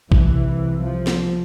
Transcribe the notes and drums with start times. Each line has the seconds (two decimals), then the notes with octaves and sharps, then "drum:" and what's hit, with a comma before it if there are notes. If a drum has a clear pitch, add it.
0.12 C2 C3 E3, drum: kick
0.84 F3
1.07 drum: snare